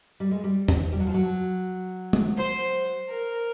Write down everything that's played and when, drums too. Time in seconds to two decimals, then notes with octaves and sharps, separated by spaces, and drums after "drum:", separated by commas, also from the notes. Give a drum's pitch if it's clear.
0.20 G3
0.31 G#3
0.44 G3
0.68 drum: tom
0.92 G3
1.00 F#3
1.07 F3
1.14 F#3
2.13 drum: tom
2.37 C5
3.10 A#4